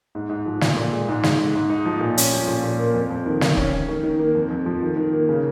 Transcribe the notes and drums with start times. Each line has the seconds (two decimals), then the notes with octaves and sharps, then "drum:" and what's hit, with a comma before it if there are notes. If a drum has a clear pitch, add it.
0.15 G#2
0.29 G#2
0.46 F3
0.61 A#2, drum: snare
0.77 A#2
0.92 G#3
1.08 G#2
1.23 G#2, drum: snare
1.39 G#3
1.55 G#2
1.70 D#4
1.86 F3
2.01 A#2
2.18 C#4, drum: hi-hat
2.33 F3
2.48 A#2
2.63 A#2
2.79 A#3
2.94 F2
3.10 F2
3.26 D#3
3.41 D#3, drum: snare
3.57 C#4, drum: kick E1
3.73 C#4
3.88 D#3
4.03 D#3
4.19 A#3
4.35 F2
4.50 F2
4.66 F3
4.82 D#3
4.97 D#3
5.13 A#3
5.29 C#3